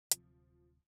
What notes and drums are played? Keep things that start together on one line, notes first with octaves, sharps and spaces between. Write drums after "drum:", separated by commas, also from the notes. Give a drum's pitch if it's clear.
D1 C3 F3, drum: hi-hat